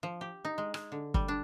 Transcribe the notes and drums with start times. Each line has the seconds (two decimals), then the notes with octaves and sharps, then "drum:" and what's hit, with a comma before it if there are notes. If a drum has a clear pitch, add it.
0.03 F3
0.21 G4
0.45 D#4
0.58 G#3
0.74 G#3, drum: rim click
0.92 D3
1.14 G3, drum: kick
1.28 D4